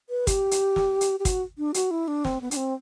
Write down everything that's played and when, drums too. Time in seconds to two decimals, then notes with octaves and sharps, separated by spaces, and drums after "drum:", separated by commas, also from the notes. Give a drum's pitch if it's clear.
0.10 B4
0.27 G4, drum: kick, hi-hat
0.51 drum: hi-hat
0.76 drum: snare
1.01 drum: hi-hat
1.20 G4
1.25 F#4, drum: kick, hi-hat
1.58 D4
1.74 F#4, drum: hi-hat
1.91 E4
2.08 D4
2.25 C4, drum: snare
2.41 B3
2.51 D4, drum: hi-hat
2.57 C4